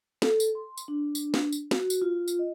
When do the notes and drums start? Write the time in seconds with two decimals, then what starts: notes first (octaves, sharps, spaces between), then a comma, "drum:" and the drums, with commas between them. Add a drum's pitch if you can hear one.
0.22 A4, drum: snare
0.40 drum: tambourine
0.55 C6
0.77 drum: tambourine
0.88 D4
1.15 drum: tambourine
1.34 drum: snare
1.53 drum: tambourine
1.71 F#4, drum: snare
1.90 drum: tambourine
2.02 F4
2.28 drum: tambourine
2.39 D#5